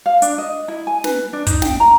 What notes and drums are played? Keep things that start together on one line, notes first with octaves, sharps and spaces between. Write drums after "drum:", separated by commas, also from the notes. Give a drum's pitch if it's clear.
F5
D4, drum: hi-hat
D#5
E4
G#5
B4, drum: snare
D4
D#4, drum: kick, hi-hat
G5, drum: snare
A#5